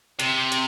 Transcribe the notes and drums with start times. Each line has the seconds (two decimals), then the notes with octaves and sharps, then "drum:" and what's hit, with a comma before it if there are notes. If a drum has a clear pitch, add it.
0.20 C3, drum: hi-hat
0.52 drum: hi-hat